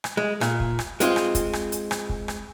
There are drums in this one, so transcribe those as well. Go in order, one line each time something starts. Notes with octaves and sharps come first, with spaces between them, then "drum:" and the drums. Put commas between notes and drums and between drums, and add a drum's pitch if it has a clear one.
drum: rim click
G#3
A#2, drum: rim click
drum: kick
drum: rim click
G#3 C4 F4, drum: hi-hat
drum: rim click
drum: kick, hi-hat
drum: rim click
drum: hi-hat
drum: rim click
drum: kick
drum: rim click